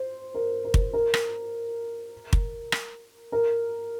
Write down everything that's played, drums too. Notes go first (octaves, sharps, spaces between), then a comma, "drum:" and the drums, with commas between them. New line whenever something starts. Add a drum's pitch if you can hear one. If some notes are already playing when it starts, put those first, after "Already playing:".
Already playing: C5
A#4
A#4
drum: kick
A#4
drum: rim click
drum: kick
drum: rim click
A#4